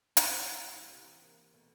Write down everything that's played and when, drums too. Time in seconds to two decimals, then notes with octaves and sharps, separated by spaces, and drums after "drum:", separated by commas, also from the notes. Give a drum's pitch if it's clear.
0.17 B2, drum: hi-hat
0.24 A#2 E3
0.41 F#2
0.57 G2 E3
0.73 A2
0.89 C3 E3
1.21 A#3
1.54 B2 A3